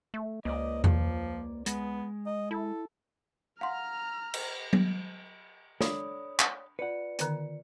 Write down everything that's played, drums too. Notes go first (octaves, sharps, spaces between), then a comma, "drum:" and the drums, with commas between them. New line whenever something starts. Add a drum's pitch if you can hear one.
A3
C#2 A#3 C5 D5 D#5
F3, drum: tom E2
G#3 B3, drum: hi-hat
D#5
E4 A4
F5 F#5 A#5 C6 F6
drum: cymbal
drum: tom F#3
D4 A4 C#5 D5 B5 D#6, drum: snare
drum: clap
F4 B4 D5 F#5 C#7
D3 D#3 B3, drum: hi-hat